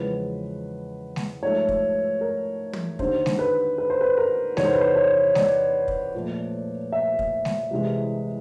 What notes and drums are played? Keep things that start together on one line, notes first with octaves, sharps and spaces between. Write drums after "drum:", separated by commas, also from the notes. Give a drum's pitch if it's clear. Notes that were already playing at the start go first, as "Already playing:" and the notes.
Already playing: E2 C#3 F3 G#3 B4
drum: snare G#3
G#2 F3 A3 C#5
drum: kick
A#4
drum: tom
D#2 D3 G3 C5, drum: kick
drum: snare G#3
B4
B4
C5
B4
A#4
E2 C3 D#3 G3 C#5, drum: snare G#3
C5
B4
C5
C#5
D5, drum: snare G#3
drum: kick
A#2 F3 A3
E5
drum: kick
drum: snare G#3
C2 C3 E3 G#3